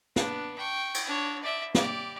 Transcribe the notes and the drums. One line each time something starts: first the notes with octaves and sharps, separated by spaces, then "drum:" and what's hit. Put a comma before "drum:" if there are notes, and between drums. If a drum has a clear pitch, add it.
B3 D4, drum: snare
G5 C#6
drum: cymbal
D4 C#5
D5 E5
G4 D5, drum: snare